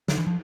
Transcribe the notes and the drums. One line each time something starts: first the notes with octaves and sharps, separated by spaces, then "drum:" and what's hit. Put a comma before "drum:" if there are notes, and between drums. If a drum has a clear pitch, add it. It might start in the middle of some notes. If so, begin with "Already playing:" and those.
D3, drum: snare
E3
F3